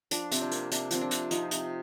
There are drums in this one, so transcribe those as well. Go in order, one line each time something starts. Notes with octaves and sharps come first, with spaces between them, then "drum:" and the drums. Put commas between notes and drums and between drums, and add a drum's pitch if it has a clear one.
F3 D4, drum: hi-hat
C3 C4, drum: hi-hat
D4
A#3, drum: hi-hat
C3 D4, drum: hi-hat
F3 C4, drum: hi-hat
D4
C3, drum: hi-hat
F3 D#4, drum: hi-hat
C3, drum: hi-hat